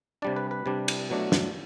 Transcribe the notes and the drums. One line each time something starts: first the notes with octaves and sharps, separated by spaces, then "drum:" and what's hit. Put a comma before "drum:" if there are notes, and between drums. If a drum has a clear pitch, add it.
C3 G3 D4 D5
B4
B4
C3 G3 D4
drum: cymbal
B2 F#3 A3 D4
drum: snare